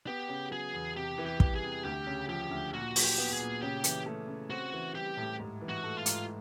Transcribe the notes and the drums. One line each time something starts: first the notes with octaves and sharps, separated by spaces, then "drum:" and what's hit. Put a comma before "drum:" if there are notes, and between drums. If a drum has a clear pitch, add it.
B3 G4
C#3
F#3 G#4
E2
C3 G4
E3
G4
G3, drum: kick
G#4
C3
D2 G4
C#3
F3 G4
D2
A#2 F#4
F#3, drum: open hi-hat
G4
B3
G#4
A#2
C#3 G4
E3, drum: hi-hat
A3
C#3
C4 F#4
E3
G3 G4
A2
G#2
E3
F#4
A3
F4
G#2, drum: hi-hat